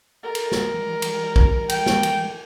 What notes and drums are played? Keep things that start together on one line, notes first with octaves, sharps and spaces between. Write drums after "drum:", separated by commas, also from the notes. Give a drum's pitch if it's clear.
A4 A#4 A6
drum: cymbal
drum: snare
E3 G3 G#3
drum: cymbal
drum: kick B1
G5, drum: cymbal
drum: snare
drum: cymbal